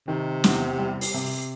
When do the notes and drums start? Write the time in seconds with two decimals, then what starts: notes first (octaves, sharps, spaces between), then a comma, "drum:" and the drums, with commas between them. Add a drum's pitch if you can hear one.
0.08 C3 D#3
0.44 E2, drum: snare
0.79 G3
1.01 drum: open hi-hat
1.14 C3